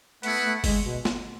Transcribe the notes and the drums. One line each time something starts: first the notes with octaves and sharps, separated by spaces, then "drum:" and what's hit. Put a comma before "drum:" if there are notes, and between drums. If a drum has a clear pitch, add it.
A3 B3 E4 B4 F#5, drum: hi-hat
A3
G#3, drum: kick G1, open hi-hat
B2
drum: snare